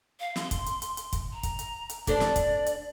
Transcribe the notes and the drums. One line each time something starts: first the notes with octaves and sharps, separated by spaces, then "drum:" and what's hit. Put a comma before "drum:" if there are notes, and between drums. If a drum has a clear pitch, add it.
F5
C6, drum: snare
drum: kick, hi-hat
drum: hi-hat
drum: hi-hat
drum: hi-hat
drum: kick, hi-hat
A#5
drum: kick, hi-hat
drum: hi-hat
drum: hi-hat
D4 A4 C5 D5, drum: kick, hi-hat
drum: snare
drum: kick, hi-hat
drum: hi-hat